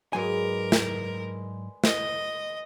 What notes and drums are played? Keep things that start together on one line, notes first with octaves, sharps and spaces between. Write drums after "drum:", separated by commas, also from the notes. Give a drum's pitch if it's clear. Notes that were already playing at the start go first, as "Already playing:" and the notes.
G#2 F#3 G#3 A#4 B4 D5 G#5
drum: snare
D#5, drum: snare